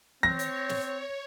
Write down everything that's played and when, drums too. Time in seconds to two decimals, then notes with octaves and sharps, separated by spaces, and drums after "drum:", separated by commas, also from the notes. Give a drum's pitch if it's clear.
0.23 C4 C#5 A#6, drum: tom E3
0.39 drum: hi-hat
0.69 drum: snare